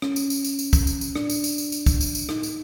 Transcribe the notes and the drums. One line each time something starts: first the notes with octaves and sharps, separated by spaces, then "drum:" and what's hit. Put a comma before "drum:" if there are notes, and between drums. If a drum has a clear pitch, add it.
C#4, drum: rim click
drum: tambourine
drum: tambourine
drum: tambourine
drum: tambourine
drum: kick, tambourine
drum: tambourine
drum: tambourine
D4, drum: rim click
drum: tambourine
drum: tambourine
drum: tambourine
drum: tambourine
drum: kick, tambourine
drum: tambourine
drum: tambourine
D#4, drum: rim click
drum: tambourine